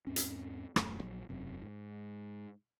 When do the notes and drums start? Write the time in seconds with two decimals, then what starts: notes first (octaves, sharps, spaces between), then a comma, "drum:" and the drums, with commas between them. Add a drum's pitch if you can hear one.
0.07 E2 G#2 C4 C#4
0.16 drum: hi-hat
0.76 D#1 F#2 A3, drum: rim click
1.02 A#1 F#3
1.29 E1 F#2 C3
1.62 G#2